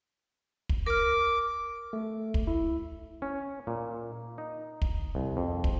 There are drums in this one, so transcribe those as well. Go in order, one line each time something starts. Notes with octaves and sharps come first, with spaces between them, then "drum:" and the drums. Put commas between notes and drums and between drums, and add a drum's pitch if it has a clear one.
drum: kick
A#4 D6 F6
A3
drum: kick
E4
C#4
A#2
D#4
drum: kick
C2
F2
drum: kick